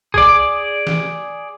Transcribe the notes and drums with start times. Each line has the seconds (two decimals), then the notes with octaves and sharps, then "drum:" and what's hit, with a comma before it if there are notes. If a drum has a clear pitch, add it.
0.14 G#4 D5, drum: kick
0.87 drum: snare